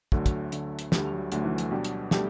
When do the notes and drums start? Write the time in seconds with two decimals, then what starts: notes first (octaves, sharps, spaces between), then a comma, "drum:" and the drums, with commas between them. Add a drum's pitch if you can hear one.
0.12 D2 D3 F#3 A3, drum: kick
0.26 drum: kick, hi-hat
0.52 D2 D3 A3, drum: hi-hat
0.79 drum: hi-hat
0.92 D2 D3 G3 A3, drum: snare
1.12 F#3
1.32 D2 D3 F#3 A3, drum: hi-hat
1.44 E3
1.58 F#3, drum: hi-hat
1.71 B2 G3 D4 G4
1.84 drum: hi-hat
2.11 B2 G3 A3 D4 G4, drum: snare